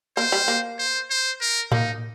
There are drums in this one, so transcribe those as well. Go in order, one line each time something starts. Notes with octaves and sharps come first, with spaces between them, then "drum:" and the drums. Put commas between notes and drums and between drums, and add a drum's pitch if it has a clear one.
A#3 C5
G3
A#3
C5
C5
A#4
A#3 D#4, drum: tom A2